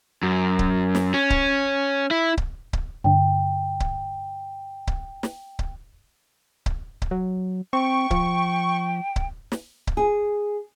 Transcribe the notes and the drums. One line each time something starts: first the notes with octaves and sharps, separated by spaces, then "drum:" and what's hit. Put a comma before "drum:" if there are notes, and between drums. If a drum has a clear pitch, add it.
F#2
drum: kick C#1
drum: snare
C#4
drum: kick C#1
E4
drum: kick C#1
drum: kick C#1
G2 D3 G5
drum: kick C#1
drum: kick C#1
drum: snare
drum: kick C#1
drum: kick C#1
drum: kick C#1
F#3
C4 G5 C#6
F3, drum: kick C#1
drum: kick C#1
drum: snare
drum: kick C#1
G#4